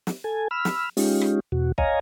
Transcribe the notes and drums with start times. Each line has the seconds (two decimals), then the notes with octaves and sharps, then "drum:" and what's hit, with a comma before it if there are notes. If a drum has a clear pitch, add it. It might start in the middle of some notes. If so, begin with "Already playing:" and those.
0.07 drum: snare
0.24 A4 G#5
0.51 B5 E6 F6
0.65 drum: snare
0.97 G#3 C#4 D#4 F4 G4, drum: open hi-hat
1.21 drum: rim click
1.52 E2 B2 F#4
1.78 C#5 D#5 F5 G#5 A#5, drum: kick